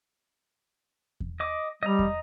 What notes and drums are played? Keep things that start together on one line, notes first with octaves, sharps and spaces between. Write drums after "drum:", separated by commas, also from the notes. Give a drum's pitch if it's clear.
drum: kick E2
D#5 D6
G3 D#5 A#5
drum: kick E2